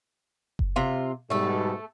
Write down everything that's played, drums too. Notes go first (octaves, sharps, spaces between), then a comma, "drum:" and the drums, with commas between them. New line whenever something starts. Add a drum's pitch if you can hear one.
drum: kick F#1
C3 F4
G#2 B2 G3 A3 A4